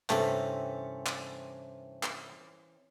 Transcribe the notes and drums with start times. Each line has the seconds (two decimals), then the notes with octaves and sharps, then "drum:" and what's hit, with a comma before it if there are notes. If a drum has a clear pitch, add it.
0.10 G2 C3 E3 A3 C4 C#4, drum: clap
1.06 drum: clap
2.03 drum: clap